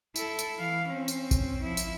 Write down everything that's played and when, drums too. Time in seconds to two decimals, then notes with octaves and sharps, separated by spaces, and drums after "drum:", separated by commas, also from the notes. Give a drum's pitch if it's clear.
0.16 E4 A4, drum: tambourine
0.39 drum: tambourine
0.58 E3 F5
0.89 C4 C#4
1.08 drum: tambourine
1.31 drum: kick G#1, tambourine
1.62 F3 E4
1.77 drum: tambourine